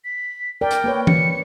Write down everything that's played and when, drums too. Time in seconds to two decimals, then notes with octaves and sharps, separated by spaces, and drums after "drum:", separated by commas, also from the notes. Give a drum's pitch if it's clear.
0.05 B6
0.61 A#4 D5 G5
0.71 drum: hi-hat
0.84 A#3 B4 C#5
1.07 C#7, drum: tom E3